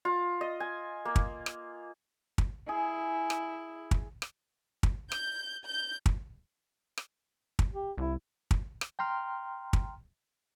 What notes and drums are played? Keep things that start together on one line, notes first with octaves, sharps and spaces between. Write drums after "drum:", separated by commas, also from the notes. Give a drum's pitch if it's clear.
F4
D#5
G#5
A#3
drum: kick
drum: rim click
drum: kick
E4 G#4
drum: rim click
drum: kick
drum: rim click
drum: kick
G6, drum: rim click
G6
drum: kick
drum: rim click
drum: kick
G4
C2 E4
drum: kick
drum: rim click
G5 A#5 C6 F6
drum: kick